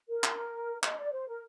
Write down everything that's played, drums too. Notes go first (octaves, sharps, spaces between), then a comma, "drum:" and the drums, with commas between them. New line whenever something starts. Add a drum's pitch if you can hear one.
A#4
drum: clap
D#5, drum: clap
D5
C5
A#4